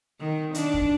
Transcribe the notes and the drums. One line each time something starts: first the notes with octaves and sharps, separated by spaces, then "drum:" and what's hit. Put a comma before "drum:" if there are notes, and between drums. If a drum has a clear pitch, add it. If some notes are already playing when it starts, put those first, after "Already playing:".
D#3
D4, drum: hi-hat
drum: kick